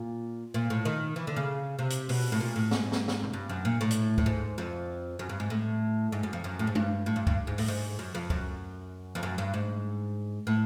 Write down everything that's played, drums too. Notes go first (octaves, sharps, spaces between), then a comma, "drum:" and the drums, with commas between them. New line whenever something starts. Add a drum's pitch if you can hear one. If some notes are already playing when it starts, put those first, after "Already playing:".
Already playing: A#2
A#2
A2
D#3
E3
D3
C#3
C3
drum: hi-hat
B2, drum: open hi-hat
A2
A#2
A2
G#2, drum: snare
drum: snare
drum: snare
drum: tom B2
G2
F#2
A#2
A2
drum: hi-hat
A2, drum: kick C#2
G#2
F2
F#2
G2
G#2
A2
G#2
F#2
F2
F#2
A2
G#2
G2, drum: tom G#3
A2
G2
G2, drum: kick C#2
G#2
A2, drum: open hi-hat
G#2
F#2
F2
F#2, drum: kick C#2
F2
F#2
G2
G#2
A2